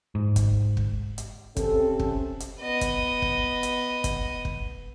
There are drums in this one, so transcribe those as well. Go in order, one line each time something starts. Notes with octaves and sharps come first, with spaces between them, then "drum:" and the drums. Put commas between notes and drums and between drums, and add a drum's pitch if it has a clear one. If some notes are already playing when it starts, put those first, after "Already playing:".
G#2
drum: kick, hi-hat
drum: kick
drum: hi-hat
C3 C4 C#4 A4, drum: kick, hi-hat
drum: kick
drum: hi-hat
B3 D#5
drum: kick, hi-hat
drum: kick
drum: hi-hat
drum: kick, hi-hat
drum: kick